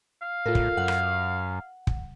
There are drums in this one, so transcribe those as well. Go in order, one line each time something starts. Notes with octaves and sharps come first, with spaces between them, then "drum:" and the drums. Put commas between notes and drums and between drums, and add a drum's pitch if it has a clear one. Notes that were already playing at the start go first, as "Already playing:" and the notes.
F5
A2 F4 A4 A#4
drum: kick
F#2 F#5
drum: rim click
drum: kick